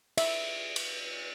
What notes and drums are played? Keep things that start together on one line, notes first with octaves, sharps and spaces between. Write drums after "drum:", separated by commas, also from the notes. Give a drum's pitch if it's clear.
E5, drum: cymbal
drum: cymbal